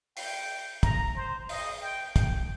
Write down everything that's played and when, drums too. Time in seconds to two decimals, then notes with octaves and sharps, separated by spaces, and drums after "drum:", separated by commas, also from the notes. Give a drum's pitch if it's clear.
0.17 G5, drum: open hi-hat
0.83 A#5, drum: kick, hi-hat
1.15 C5
1.49 D#5, drum: open hi-hat
1.82 G5
2.16 G5, drum: kick, hi-hat